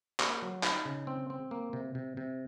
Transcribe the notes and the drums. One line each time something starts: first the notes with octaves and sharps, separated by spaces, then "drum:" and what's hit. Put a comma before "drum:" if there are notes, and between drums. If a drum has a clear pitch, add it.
A#3, drum: clap
F#3
D#4, drum: clap
C#3
C4
C4
A#3
C3
C3
C3